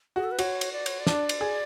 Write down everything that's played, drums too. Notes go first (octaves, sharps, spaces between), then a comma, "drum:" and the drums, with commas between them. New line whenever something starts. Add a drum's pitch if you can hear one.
F#4 G#4
A4
B4
F#4 C#5, drum: cymbal
drum: cymbal
D5
C#5, drum: cymbal
D5
D4, drum: snare
drum: cymbal
G#4